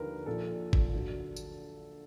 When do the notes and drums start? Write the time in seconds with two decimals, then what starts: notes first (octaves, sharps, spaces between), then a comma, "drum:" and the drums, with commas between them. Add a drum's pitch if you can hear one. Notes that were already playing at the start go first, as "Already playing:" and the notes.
Already playing: D#2 D3 F3 A#4 B4
0.26 A#1 A#2 F3 A4
0.73 drum: kick
0.94 D3 F#3
1.36 drum: tambourine